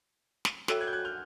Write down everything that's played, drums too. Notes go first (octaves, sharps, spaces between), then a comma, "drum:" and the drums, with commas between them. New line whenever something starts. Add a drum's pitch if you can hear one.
drum: snare
F#4 A4 C#5 E5 G5 E6 F#6, drum: snare
F#6 G#6
G6
F#6 G#6
F6 G6